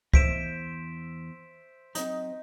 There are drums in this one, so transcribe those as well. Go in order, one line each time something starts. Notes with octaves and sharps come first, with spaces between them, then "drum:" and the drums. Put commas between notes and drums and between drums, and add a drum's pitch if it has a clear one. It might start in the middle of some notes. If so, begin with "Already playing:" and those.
E2 C5 E5 B6 D7 E7, drum: kick
F#3 C4 D#4, drum: hi-hat